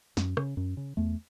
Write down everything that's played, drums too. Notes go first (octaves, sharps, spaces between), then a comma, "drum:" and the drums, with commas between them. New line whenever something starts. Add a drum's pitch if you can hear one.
F#2, drum: snare
C#3, drum: rim click
F#2
C#3
E2 A3